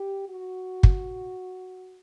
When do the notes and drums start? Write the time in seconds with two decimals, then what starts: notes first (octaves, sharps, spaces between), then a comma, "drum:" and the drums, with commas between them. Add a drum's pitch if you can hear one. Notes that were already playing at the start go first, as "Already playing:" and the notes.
Already playing: G4
0.29 F#4
0.83 drum: kick